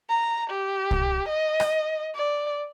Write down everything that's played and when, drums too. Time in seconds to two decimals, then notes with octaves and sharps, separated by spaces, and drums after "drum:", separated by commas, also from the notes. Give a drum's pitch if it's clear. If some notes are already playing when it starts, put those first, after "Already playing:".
0.10 A#5
0.50 G4
0.91 drum: kick C2
1.28 D#5
1.60 drum: rim click
2.15 D5